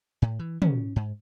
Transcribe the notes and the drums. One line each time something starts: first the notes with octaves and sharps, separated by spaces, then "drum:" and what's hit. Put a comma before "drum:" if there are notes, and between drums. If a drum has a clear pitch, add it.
A2
E3
C#4, drum: tom
G#2